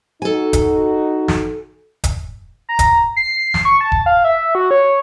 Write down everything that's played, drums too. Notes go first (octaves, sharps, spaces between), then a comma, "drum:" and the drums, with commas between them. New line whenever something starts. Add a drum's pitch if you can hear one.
D#4 F#4 A4 G#5
drum: kick E1, hi-hat
drum: snare
drum: kick E1, hi-hat
A#5
drum: kick E1, hi-hat
C7
drum: snare
C#6
A5
drum: kick E1
F5
E5
F#4
C#5